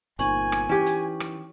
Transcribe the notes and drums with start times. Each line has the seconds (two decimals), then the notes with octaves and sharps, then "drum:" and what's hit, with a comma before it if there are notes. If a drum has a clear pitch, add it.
0.19 G1 A#2 C4 D#4 G#5 C#6 F#7, drum: hi-hat
0.52 drum: rim click
0.69 E3 C#4 G4
0.86 drum: hi-hat
1.20 drum: rim click